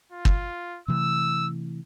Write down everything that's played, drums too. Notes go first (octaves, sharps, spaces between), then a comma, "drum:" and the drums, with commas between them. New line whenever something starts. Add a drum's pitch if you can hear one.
F4
drum: kick
C3 E3 A3 E6